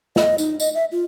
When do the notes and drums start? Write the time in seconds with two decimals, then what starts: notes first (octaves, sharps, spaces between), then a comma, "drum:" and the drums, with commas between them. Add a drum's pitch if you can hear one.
0.16 D#5, drum: snare
0.38 D#4, drum: tambourine
0.60 D#5, drum: tambourine
0.74 E5
0.92 F4